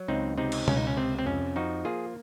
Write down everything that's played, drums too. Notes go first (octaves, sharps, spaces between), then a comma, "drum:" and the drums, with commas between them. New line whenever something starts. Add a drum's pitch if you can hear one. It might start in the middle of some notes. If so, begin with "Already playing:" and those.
Already playing: F#3
C#2 C4 D#4
C3 C4 D#4
drum: cymbal
C#2 C#4, drum: tom B2
D#4
C#4
C3 C4
C4
F2 C#4
F3 D#4 F#4
A#3 F4 G#4